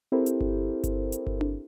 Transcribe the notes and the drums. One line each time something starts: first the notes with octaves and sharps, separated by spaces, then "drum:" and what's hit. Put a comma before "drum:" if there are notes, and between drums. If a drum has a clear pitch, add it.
C4 E4 G4 A4 A#4 C5
drum: hi-hat
drum: kick G1
drum: kick G1, hi-hat
drum: hi-hat
drum: kick G1
drum: tom D4